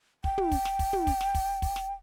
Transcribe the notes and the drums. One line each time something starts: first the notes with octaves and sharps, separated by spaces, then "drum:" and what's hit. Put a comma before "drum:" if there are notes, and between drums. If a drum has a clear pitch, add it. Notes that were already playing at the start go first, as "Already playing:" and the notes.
G5, drum: kick
drum: tom
drum: kick, open hi-hat
drum: snare
drum: kick, open hi-hat
drum: tom
drum: kick, open hi-hat
drum: snare
drum: kick, open hi-hat
drum: kick, open hi-hat
drum: snare